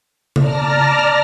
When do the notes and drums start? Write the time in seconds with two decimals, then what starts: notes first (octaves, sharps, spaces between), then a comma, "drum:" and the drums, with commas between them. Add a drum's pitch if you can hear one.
0.36 D5 A5 A#5 F6 A#6, drum: tom C#3